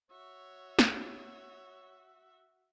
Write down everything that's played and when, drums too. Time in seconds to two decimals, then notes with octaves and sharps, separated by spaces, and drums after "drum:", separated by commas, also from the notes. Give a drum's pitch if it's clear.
0.11 F#4 C#5 E5
0.79 drum: snare